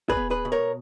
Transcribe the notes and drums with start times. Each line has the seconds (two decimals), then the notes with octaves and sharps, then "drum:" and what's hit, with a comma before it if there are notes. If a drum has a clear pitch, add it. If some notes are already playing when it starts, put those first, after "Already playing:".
0.09 G#4 B4, drum: kick
0.17 B3
0.30 G#4 B4
0.45 B2
0.52 A#4 C#5